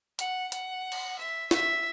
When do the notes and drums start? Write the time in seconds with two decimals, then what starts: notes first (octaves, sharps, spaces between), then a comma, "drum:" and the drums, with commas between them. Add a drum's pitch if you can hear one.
0.19 F#5, drum: hi-hat
0.52 F#5, drum: hi-hat
0.92 drum: cymbal
1.18 E5
1.51 E5, drum: snare